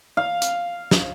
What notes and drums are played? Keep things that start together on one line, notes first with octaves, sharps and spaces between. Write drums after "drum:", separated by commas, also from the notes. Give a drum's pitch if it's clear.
F5
drum: hi-hat
drum: snare